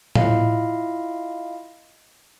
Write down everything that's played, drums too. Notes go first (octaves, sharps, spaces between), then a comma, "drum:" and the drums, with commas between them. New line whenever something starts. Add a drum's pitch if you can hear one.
E4 F4 D#5 F5, drum: tom A2